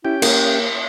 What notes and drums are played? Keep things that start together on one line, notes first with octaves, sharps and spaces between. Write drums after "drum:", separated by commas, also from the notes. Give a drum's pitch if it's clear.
C#4 E4 G4 G5
A#3 A#4, drum: cymbal